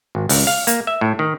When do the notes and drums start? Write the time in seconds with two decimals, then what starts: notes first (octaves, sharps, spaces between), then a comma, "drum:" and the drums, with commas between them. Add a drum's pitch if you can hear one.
0.15 G#1
0.29 C#2, drum: open hi-hat
0.47 F5
0.67 A#3, drum: hi-hat
0.87 E5
1.01 A2
1.19 D#3